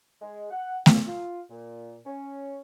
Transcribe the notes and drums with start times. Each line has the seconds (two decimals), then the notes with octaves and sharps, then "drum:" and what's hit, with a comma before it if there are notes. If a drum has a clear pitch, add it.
0.22 G#3
0.51 F#5
0.86 C#2, drum: snare A3
1.07 F4
1.50 A#2
2.06 C#4